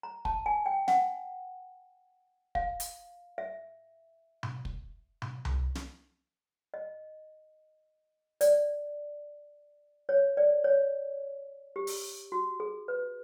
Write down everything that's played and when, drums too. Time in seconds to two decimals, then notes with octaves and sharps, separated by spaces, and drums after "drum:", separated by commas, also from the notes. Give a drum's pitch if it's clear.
0.03 A#5
0.25 A5, drum: kick
0.46 G#5
0.66 G5
0.88 F#5, drum: snare
2.55 F5, drum: kick
2.80 drum: hi-hat
3.38 E5
4.43 drum: tom B2
4.65 drum: kick
5.22 drum: tom B2
5.45 drum: tom C2
5.75 drum: snare
6.74 D#5
8.41 D5, drum: hi-hat
10.09 C#5
10.37 D5
10.64 C#5
11.76 G4
11.87 drum: open hi-hat
12.32 F#4
12.60 G#4
12.88 B4